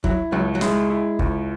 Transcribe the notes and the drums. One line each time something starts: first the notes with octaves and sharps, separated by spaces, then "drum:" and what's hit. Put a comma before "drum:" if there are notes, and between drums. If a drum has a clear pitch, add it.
F#3 E4, drum: kick
C#2 F#3
F#3
G#3 E4, drum: snare
E4
C#2, drum: kick